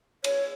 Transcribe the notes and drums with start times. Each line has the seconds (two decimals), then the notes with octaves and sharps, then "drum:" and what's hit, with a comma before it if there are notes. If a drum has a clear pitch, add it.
0.24 C#5, drum: cymbal